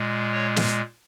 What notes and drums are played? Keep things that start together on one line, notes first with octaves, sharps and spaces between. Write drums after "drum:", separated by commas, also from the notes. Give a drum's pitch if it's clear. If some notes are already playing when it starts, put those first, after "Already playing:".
Already playing: A#2 G#3
C#5
drum: snare